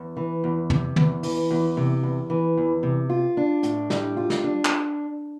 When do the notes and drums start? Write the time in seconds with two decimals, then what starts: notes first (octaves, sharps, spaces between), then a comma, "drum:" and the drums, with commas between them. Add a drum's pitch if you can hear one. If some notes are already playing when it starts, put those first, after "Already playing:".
Already playing: E2
0.17 E3
0.44 E2
0.70 C3, drum: tom
0.96 E2, drum: tom
1.23 E3, drum: open hi-hat
1.51 E2
1.77 C3
2.03 E2
2.30 E3
2.57 E2
2.83 C3
3.10 F4
3.37 D4
3.63 A2, drum: hi-hat
3.90 G3, drum: snare
4.17 F4
4.30 drum: snare
4.44 D4
4.65 drum: clap